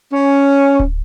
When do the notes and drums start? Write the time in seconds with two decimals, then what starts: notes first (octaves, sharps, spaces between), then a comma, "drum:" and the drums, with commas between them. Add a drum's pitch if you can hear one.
0.12 C#4
0.80 drum: kick D1